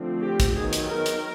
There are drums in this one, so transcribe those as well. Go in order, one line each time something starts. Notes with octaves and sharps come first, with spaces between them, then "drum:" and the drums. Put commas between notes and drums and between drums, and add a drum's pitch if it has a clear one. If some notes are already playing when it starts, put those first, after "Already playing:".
Already playing: D3 F3 A3 C4
G4
drum: kick, hi-hat
D#3 F#3 B3 G#4
drum: hi-hat
A#4
drum: hi-hat